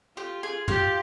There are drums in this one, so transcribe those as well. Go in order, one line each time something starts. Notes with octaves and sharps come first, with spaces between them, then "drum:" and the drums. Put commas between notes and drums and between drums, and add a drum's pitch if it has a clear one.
F4 G4
G#4
F4 G4, drum: tom